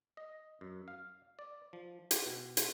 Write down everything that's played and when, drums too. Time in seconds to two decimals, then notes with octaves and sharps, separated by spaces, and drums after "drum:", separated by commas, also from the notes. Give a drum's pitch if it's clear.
0.17 D#5
0.61 F#2
0.88 F5
1.39 D5
1.73 F3
2.11 G4, drum: hi-hat
2.26 B2
2.57 drum: hi-hat